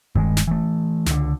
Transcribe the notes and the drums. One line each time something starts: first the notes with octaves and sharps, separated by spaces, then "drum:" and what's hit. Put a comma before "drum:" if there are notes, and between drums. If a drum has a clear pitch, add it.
G2 D#3 G#3, drum: kick E1
drum: snare
E3 A3
C#2 D3, drum: snare